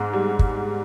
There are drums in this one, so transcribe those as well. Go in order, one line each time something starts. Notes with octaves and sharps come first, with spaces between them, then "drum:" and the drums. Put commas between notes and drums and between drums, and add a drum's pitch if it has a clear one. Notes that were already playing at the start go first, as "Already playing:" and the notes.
Already playing: G#2 G#3
G3
drum: kick